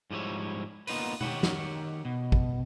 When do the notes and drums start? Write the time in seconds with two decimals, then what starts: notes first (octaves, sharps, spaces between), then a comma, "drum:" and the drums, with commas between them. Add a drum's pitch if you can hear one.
0.11 G#2 F3 G3 E4 C#5
0.87 A#3 B3 D#4 F4 B4, drum: open hi-hat
1.21 D#3 G4 C#5 F#5, drum: tom B2
1.43 drum: snare
2.05 B2
2.32 drum: kick G#1